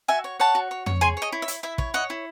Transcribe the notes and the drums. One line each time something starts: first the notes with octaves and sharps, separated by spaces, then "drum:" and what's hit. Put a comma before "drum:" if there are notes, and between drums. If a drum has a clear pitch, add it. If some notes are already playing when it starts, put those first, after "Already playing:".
F#4 E5 G#5
C#5
C#5 F#5 A5
F#4
C#5
C#5, drum: tom
G#4 G#5 C6
C#5 D#5
E4
E5
E4, drum: hi-hat
E4 E5
C#5, drum: kick
C#5 D#5 F#5
E4